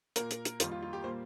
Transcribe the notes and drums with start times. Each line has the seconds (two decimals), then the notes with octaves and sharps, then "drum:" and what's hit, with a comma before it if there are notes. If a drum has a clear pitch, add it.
0.16 A#2 A#3 A#4, drum: hi-hat
0.31 drum: hi-hat
0.45 drum: hi-hat
0.60 F2 D#3 G3 A#3 F4, drum: hi-hat
0.71 F4
0.82 F4
0.93 G4
1.04 A#2 G3 A#3 C5